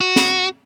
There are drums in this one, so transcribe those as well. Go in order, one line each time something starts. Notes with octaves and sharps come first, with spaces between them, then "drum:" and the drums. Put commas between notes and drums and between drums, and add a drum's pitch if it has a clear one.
F#4
drum: snare